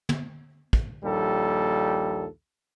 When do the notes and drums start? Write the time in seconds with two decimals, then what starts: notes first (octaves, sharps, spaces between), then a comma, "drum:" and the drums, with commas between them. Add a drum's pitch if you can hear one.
0.09 drum: tom
0.73 drum: kick
1.04 A#1 D#2 G3 A4